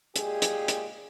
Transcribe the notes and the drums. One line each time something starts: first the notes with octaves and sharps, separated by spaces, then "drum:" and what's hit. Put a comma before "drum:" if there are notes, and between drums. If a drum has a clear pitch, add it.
A#2 G#3 G4 G#4, drum: hi-hat
drum: hi-hat
drum: hi-hat